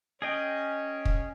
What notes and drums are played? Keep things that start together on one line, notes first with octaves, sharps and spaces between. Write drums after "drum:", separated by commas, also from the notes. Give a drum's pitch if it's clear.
C#4 G#4 D#5 G5
drum: kick